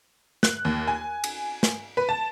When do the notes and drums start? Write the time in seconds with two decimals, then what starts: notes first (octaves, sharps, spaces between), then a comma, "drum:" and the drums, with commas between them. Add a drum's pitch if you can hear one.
0.43 F#6, drum: snare
0.65 D#2
0.87 G#5
1.24 drum: cymbal
1.63 drum: snare
1.97 B4
2.09 A5